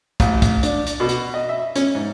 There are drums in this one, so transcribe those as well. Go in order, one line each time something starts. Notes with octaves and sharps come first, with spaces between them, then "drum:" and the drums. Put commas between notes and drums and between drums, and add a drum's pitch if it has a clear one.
A1, drum: kick, hi-hat
drum: kick, hi-hat
D4, drum: hi-hat
drum: hi-hat
B2
drum: hi-hat
D#5
E5
C#4, drum: hi-hat
G#2